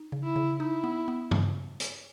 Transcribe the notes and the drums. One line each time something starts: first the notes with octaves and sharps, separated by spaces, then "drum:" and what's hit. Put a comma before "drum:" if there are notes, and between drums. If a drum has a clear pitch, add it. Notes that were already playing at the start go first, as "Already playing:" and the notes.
Already playing: D#4
C#3
E4
C#3
D#4 E4
B3
B3
C#3, drum: tom G2
drum: hi-hat